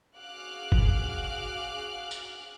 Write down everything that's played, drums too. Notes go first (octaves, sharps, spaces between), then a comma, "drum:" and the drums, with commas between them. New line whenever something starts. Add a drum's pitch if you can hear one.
F#4 G#4 F5 D6 F6 F#6
drum: kick
drum: tambourine